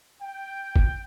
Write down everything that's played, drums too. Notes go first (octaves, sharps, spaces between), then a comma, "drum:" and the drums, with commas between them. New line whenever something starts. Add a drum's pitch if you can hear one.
G5
drum: kick